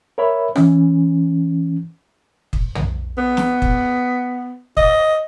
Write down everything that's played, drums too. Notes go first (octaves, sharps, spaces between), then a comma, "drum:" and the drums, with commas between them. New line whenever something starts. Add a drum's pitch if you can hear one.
A#4 C#5 E5 B5
E3 C#4, drum: rim click
drum: kick
drum: tom
B3
drum: snare
drum: kick
D#5, drum: kick